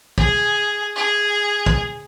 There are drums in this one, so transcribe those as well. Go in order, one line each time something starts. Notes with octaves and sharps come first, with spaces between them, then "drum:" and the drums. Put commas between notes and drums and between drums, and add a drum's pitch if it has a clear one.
G#4, drum: kick
G#4
drum: kick